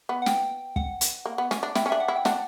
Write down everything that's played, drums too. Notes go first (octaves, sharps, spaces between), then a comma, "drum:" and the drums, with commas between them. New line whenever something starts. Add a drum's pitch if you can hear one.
B3
F#5
G5, drum: snare
F#5, drum: kick
drum: hi-hat
A#3
B3
C#4, drum: snare
D4
E4 G5, drum: snare
C#4
D4 E5
F#5
E4
G5
D4 F#5, drum: snare